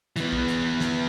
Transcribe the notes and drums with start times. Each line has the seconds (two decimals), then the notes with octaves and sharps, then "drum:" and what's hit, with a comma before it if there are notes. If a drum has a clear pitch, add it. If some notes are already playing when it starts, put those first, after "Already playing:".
0.16 E3 B3, drum: hi-hat
0.32 drum: kick
0.48 drum: hi-hat
0.80 drum: snare